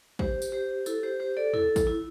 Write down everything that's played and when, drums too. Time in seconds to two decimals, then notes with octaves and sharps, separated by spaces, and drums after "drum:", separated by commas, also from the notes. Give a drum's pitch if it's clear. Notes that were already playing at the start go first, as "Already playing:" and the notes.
0.19 G4 C5, drum: kick
0.42 drum: tambourine
0.52 G4 C5
0.86 E4 A4, drum: tambourine
1.03 G4 C5
1.20 G4 C5
1.37 A4 D5
1.53 E4 A4, drum: tom
1.76 drum: kick, tambourine
1.87 E4